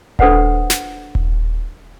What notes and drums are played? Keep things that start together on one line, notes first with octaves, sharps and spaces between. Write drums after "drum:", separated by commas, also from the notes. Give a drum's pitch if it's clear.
D4 A4 B4 C5 F#5 G5, drum: kick D#1
drum: snare
drum: kick D#1